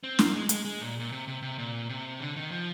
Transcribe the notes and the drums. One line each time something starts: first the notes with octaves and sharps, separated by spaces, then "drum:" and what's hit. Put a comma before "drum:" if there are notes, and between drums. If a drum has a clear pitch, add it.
C4
A#3, drum: snare
G#3
G#3, drum: hi-hat
G#3
A#2
A#2
C3
C3
C3
A#2
C3
D3
D#3
F3